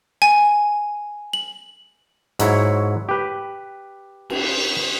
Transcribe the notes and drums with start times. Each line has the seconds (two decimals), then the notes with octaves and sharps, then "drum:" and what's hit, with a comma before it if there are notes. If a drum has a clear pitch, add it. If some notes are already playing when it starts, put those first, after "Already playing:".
0.22 G#5
1.33 F#7
2.39 G#2 F#3 E4 C#5, drum: hi-hat
3.09 G4 B4
4.30 drum: cymbal